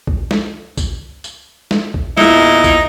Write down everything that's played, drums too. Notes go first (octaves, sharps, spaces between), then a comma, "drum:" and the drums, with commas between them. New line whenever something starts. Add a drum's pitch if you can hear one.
drum: kick
drum: snare
drum: kick, tambourine
drum: tambourine
drum: snare
drum: kick
E2 A#2 D#4 E4, drum: snare
drum: kick, tambourine